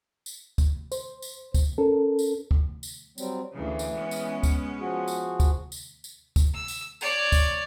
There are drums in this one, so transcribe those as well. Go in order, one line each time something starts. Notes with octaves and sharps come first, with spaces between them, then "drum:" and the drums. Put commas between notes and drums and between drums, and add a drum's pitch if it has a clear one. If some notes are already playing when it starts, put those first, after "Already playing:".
drum: tambourine
drum: kick, tambourine
C5, drum: tambourine
drum: tambourine
drum: kick, tambourine
C#4 A4 A#4
drum: tambourine
drum: kick
drum: tambourine
F#3 G3 C4, drum: tambourine
D2 C#3 E3
drum: tambourine
G#3 B3 C#4
drum: tambourine
drum: kick, tambourine
F3 F#4 G#4
drum: tambourine
drum: kick, tambourine
drum: tambourine
drum: tambourine
drum: kick, tambourine
E6
drum: tambourine
C#5 D5, drum: tambourine
drum: kick, tambourine